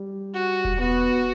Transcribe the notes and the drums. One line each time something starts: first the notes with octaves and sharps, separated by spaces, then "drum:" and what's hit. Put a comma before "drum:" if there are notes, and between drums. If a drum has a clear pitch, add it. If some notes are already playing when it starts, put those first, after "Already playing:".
Already playing: G3
F#4
drum: kick E1
B3 F#4